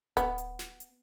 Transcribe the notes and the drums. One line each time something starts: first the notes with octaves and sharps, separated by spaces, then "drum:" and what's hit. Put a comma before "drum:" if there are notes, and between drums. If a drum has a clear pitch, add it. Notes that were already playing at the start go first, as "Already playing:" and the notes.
B3, drum: kick D1, hi-hat
drum: hi-hat
drum: snare
drum: hi-hat